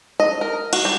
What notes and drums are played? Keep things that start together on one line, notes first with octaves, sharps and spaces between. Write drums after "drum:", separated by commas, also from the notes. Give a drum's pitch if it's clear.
D#5
A#4
F#4, drum: cymbal
G3